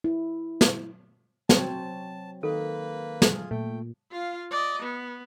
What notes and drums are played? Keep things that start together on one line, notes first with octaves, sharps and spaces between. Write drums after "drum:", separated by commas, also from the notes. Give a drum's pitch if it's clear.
E4
drum: snare
F#3 C4 C#5 A5, drum: snare
D#3 A#3 A4 B4
drum: snare
F4 G#4
A#2 A3 G5
F4 F5
D5 D#5
B3